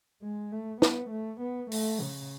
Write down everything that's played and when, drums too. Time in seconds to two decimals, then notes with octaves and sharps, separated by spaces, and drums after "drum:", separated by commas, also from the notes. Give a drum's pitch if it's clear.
0.22 G#3
0.52 A3
0.82 B3, drum: snare
1.11 A3
1.41 B3
1.72 A3, drum: open hi-hat
2.01 C#3